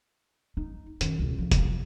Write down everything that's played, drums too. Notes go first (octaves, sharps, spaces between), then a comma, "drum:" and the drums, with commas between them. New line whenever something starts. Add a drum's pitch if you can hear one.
D#4
F#2 D#3, drum: hi-hat
E1 C#2
F1 F3
drum: kick, hi-hat